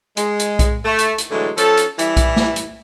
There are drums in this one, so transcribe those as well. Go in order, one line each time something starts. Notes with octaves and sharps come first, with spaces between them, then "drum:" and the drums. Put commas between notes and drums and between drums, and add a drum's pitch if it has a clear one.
G#3, drum: hi-hat
drum: hi-hat
drum: kick B1, hi-hat
A3
drum: hi-hat
drum: hi-hat
A2 D3 E3 F#3 G#3
F3 C#4 A4, drum: hi-hat
drum: hi-hat
E3 G3 E4, drum: hi-hat
drum: kick B1, hi-hat
drum: snare
drum: hi-hat